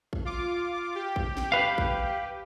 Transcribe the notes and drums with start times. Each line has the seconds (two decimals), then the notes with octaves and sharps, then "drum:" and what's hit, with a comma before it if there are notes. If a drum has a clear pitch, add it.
0.13 drum: kick
0.25 F4 D6
0.95 G4
1.16 drum: kick
1.37 drum: snare
1.52 B4 F5
1.78 drum: kick